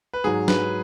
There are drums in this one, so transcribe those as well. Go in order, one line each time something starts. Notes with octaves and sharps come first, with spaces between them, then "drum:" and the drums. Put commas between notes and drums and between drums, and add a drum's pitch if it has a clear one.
B4
G#2 F#3 G#4
B4, drum: snare